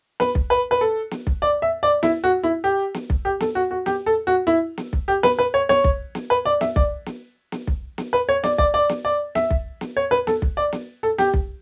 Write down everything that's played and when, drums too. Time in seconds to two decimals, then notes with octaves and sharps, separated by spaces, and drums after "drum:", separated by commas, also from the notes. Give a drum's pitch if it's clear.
0.20 B4, drum: snare
0.35 drum: kick B1
0.50 B4
0.71 B4
0.81 A4
1.11 drum: snare
1.27 drum: kick B1
1.42 D5
1.62 E5
1.83 D5
2.03 E4, drum: snare
2.24 F#4
2.43 E4
2.64 G4
2.94 drum: snare
3.10 drum: kick B1
3.25 G4
3.40 A4, drum: snare
3.55 F#4
3.71 F#4
3.86 G4, drum: snare
4.06 A4
4.27 F#4
4.47 E4
4.78 drum: snare
4.93 drum: kick B1
5.08 G4
5.23 B4, drum: snare
5.39 B4
5.54 C#5
5.69 C#5, drum: snare
5.84 drum: kick B1
6.15 drum: snare
6.30 B4
6.45 D5
6.61 E5, drum: snare
6.76 D5, drum: kick B1
7.06 drum: snare
7.52 drum: snare
7.67 drum: kick B1
7.98 drum: snare
8.13 B4
8.29 C#5
8.44 D5, drum: snare
8.58 D5, drum: kick B1
8.74 D5
8.89 drum: snare
9.05 D5
9.35 E5, drum: snare
9.50 drum: kick B1
9.81 drum: snare
9.97 C#5
10.11 B4
10.27 A4, drum: snare
10.42 drum: kick B1
10.57 D5
10.73 drum: snare
11.03 A4
11.18 G4, drum: snare
11.34 drum: kick B1